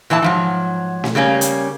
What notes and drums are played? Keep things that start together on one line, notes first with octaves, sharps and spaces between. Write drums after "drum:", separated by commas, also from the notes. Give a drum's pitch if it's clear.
A#2 E3 E5 A5
G#2 F3 F#3
drum: snare
C#3 G3 A#3 C#4
drum: hi-hat